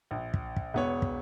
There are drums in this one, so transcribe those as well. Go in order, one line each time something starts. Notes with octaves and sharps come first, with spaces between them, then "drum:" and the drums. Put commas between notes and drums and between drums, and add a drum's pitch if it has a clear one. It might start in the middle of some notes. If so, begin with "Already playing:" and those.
A#1
drum: kick
drum: kick
E1 B3 C#5
drum: kick